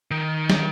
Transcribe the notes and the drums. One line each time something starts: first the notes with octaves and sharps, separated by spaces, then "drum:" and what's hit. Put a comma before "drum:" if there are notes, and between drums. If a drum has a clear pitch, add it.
D#3
drum: snare